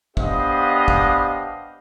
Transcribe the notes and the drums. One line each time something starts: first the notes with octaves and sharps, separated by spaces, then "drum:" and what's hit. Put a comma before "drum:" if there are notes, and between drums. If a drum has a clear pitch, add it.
B3 D4 G4 C5 D#5 F5, drum: kick
drum: kick